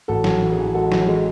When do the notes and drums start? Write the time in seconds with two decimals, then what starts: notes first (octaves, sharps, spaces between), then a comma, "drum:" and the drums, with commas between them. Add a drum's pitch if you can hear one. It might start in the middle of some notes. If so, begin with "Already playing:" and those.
0.08 A1 F#4 A4
0.24 E3, drum: snare
0.30 F#4
0.42 E3
0.53 E3 G#4
0.74 G#3 F#4 A4
0.92 E3, drum: snare
1.07 G#3